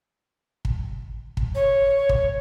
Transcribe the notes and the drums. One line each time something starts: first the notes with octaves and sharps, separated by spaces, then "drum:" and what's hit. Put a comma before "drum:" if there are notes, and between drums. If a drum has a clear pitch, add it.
drum: kick
drum: kick
C#5
drum: kick